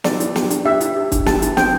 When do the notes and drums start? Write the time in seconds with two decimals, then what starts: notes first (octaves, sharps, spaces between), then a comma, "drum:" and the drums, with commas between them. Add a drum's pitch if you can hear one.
0.04 G4 D5, drum: snare
0.20 E4, drum: hi-hat
0.36 G4, drum: snare
0.50 D4, drum: hi-hat
0.65 G4 E5
0.81 E4, drum: hi-hat
0.97 G4
1.12 D4, drum: kick, hi-hat
1.26 G4 A5, drum: snare
1.42 E4, drum: hi-hat
1.57 C4 G5, drum: snare